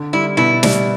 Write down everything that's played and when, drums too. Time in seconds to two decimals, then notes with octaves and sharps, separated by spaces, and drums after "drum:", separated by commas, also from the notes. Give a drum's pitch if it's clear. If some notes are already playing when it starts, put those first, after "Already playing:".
Already playing: D3
0.13 G3 E4
0.37 B2 E4
0.63 G3, drum: snare